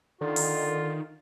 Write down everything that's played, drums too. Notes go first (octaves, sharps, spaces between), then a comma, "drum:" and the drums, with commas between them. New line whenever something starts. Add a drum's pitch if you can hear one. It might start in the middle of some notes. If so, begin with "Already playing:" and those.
D3 D#3 F4
drum: open hi-hat